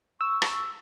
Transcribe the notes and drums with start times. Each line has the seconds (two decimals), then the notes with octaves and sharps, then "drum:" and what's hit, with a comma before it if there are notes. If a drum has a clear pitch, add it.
0.21 C#6 E6
0.42 drum: rim click